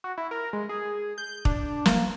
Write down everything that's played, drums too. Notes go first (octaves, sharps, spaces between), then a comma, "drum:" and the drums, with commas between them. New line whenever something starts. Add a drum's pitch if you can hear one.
F#4
E4
A#4
G#3
G#4
G6
D4, drum: kick
A#3, drum: snare